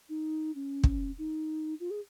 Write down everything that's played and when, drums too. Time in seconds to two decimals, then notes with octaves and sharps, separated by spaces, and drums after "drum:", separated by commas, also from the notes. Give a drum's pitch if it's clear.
0.09 D#4
0.55 C#4
0.84 drum: kick
1.18 D#4
1.80 F4
1.91 G#4